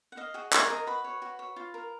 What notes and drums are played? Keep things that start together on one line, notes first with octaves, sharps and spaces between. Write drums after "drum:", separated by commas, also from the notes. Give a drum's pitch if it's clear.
F#5
D#5 F5
F#4 G#4 F#5
G#4 A#4 A#5, drum: clap
A#4 D#5 A#5
F#4 B4 B5
C#5
F#4
C#5
F4
A#4